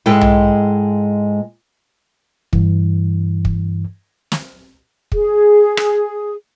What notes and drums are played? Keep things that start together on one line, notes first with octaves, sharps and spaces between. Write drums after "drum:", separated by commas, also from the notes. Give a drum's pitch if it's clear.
G#2 G#3 E4 G#4 A4 G5
drum: tom B1
G2 E3, drum: kick
drum: kick
drum: snare
G#4, drum: kick
drum: rim click